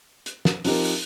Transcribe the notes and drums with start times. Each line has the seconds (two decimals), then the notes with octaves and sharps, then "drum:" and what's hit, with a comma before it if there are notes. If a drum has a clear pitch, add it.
0.26 drum: hi-hat
0.45 drum: snare
0.65 F3 C4 D#4 G4 A#4, drum: open hi-hat
0.84 drum: open hi-hat